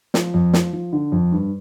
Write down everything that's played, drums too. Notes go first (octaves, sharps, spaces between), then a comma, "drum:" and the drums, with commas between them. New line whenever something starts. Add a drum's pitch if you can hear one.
F3, drum: snare
F2
F3, drum: snare
F3
D3
F2
G2